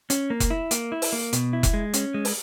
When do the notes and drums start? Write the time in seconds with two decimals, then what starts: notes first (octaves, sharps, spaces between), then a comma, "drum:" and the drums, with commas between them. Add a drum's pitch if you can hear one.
0.10 C#4, drum: hi-hat
0.30 A#3
0.40 drum: kick F1, hi-hat
0.50 E4
0.71 A#3, drum: hi-hat
0.92 E4
1.02 drum: open hi-hat
1.13 A#3
1.33 B2, drum: hi-hat
1.53 E4
1.63 drum: kick F1, hi-hat
1.74 G#3
1.94 C#4, drum: hi-hat
2.14 G#3
2.25 drum: open hi-hat